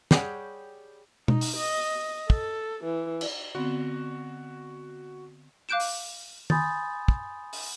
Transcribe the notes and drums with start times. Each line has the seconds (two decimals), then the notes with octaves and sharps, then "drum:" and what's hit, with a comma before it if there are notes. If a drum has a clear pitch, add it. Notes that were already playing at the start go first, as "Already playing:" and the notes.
0.11 G3 G4 G#4 C#5 F#5, drum: snare
1.28 D#4, drum: tom B2
1.41 drum: open hi-hat
1.57 D#5
2.30 A4, drum: kick
2.84 E3
3.21 drum: cymbal
3.55 D3 B3 C4 F#4
5.69 F5 D6 F#6 G6 D7 E7
5.80 drum: open hi-hat
6.50 G#5 B5 C6 D#6 G6 A6, drum: tom
7.08 drum: kick
7.53 drum: open hi-hat